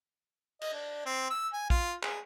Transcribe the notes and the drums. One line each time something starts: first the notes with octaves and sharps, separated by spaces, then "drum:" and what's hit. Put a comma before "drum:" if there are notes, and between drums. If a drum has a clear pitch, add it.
D#5, drum: cymbal
D4
C4
E6
G#5
F4, drum: kick
G#4, drum: clap